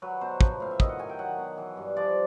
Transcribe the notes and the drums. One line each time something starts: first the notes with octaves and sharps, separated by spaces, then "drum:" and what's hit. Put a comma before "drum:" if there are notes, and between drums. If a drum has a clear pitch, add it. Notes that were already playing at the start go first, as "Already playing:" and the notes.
F#3 B4
B2 C5
F3 B4, drum: kick
A2 F5
E5
D#3 D#5, drum: kick
F#5
F#3 G#5
G5
F#3 F#5
B2
E3
G2
F3 D5